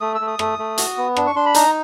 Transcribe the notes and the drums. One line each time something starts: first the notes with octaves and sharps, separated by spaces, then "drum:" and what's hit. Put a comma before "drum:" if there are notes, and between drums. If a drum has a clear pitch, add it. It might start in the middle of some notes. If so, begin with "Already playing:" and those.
A3 D#6
E6
A3
D#6
A3, drum: rim click
A3
F#4, drum: hi-hat
B3
D4, drum: rim click
C#6
D4 C6
B5
D#4 A#5, drum: hi-hat